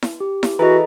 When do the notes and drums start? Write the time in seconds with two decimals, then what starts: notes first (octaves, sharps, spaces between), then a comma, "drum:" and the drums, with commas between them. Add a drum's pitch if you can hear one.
0.02 drum: snare E4
0.20 G4
0.43 drum: snare E4
0.59 E3 F#4 G#4 A4 D#5 A#5